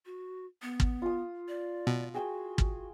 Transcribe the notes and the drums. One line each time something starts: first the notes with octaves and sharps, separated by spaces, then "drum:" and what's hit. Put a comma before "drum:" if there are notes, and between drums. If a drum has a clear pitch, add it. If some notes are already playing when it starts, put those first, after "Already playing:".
F#4
B3
drum: kick
F4 D#6
D5
B2
F#4 G#4 G5
drum: kick